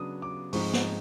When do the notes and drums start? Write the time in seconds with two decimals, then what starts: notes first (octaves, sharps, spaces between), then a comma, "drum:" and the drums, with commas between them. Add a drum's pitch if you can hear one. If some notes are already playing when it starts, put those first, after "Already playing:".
Already playing: C#3 F#3 B3 D4 D#6
0.22 D6
0.53 G#2 F3 G#3 C4 D#4 C#6, drum: open hi-hat
0.73 drum: snare